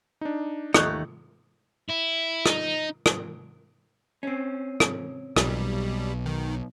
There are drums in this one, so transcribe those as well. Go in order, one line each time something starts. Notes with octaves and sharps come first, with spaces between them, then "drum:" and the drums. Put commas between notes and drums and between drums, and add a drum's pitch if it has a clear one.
D4 D#4
D#2 A3 D#4 C#6 F#6, drum: rim click
E4
D#4, drum: rim click
drum: rim click
C4 C#4
drum: rim click
B1 G3, drum: rim click
D#3